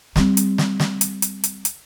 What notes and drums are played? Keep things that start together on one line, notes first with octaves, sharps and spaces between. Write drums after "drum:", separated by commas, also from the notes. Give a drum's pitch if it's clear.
G3 C4, drum: snare
drum: hi-hat
drum: snare
drum: snare
drum: hi-hat
drum: hi-hat
drum: hi-hat
drum: hi-hat